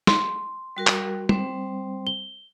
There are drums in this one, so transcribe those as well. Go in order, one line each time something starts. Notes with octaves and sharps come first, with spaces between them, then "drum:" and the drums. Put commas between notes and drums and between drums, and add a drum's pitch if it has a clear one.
C6, drum: snare
G3 F#4 A#4
drum: clap
G3 C4 C5, drum: tom G3
G7